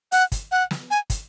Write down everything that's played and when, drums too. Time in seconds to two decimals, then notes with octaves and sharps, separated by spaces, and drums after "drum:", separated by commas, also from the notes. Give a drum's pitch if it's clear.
0.12 F#5, drum: hi-hat
0.32 drum: kick, hi-hat
0.51 F#5
0.71 drum: snare
0.90 G#5
1.10 drum: kick, hi-hat